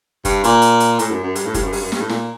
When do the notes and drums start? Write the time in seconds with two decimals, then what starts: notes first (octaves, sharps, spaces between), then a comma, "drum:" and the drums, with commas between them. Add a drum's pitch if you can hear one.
0.25 G2, drum: kick, hi-hat
0.44 A#2, drum: hi-hat
0.62 drum: hi-hat
0.80 drum: hi-hat
0.99 A2, drum: hi-hat
1.11 F#2
1.23 F#2
1.35 G2, drum: hi-hat
1.46 A2
1.54 G2, drum: kick, hi-hat
1.64 F#2
1.73 G2, drum: open hi-hat
1.81 F#2
1.92 G2, drum: snare
2.01 A2
2.09 A#2, drum: snare